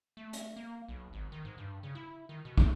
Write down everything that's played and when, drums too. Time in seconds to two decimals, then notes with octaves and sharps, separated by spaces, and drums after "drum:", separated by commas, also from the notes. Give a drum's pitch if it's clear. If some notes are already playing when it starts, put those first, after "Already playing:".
0.17 A3
0.33 drum: hi-hat
0.56 A#3
0.88 B1
1.13 G#1
1.32 D#3
1.45 G#2
1.58 G2
1.83 C#3
1.95 E4
2.29 D#3
2.45 B2
2.58 C3, drum: kick